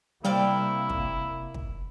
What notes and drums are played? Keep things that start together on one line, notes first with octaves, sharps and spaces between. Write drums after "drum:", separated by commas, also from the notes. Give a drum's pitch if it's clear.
C3 G3 A#3 E4 C5 D5 F5 G5
drum: kick
drum: kick